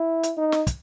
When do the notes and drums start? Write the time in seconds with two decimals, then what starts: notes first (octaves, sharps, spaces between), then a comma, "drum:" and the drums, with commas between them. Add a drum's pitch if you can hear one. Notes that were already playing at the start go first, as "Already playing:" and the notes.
Already playing: E4
0.23 drum: hi-hat
0.37 D#4
0.52 drum: snare
0.67 drum: kick, hi-hat